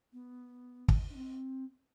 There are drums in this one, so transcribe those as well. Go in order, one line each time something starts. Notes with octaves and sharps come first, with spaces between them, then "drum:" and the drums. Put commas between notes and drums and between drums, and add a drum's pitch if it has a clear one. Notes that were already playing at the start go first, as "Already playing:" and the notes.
B3
drum: kick
D4
C4